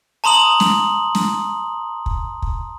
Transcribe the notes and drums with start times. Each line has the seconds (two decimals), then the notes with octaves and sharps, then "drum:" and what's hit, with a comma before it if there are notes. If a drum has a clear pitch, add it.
0.24 A5 A#5 C6 D#6 F#7
0.60 drum: snare
1.15 drum: snare
2.06 drum: kick
2.42 drum: kick